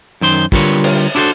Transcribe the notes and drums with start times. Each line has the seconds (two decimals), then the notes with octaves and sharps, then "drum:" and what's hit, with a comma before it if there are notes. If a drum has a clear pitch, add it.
0.21 F#2 D#3 C5 C6
0.52 D3 G3 F4 A#4 B4 C#5, drum: kick
0.84 drum: cymbal
1.15 D4 E4 F#4 A4 C5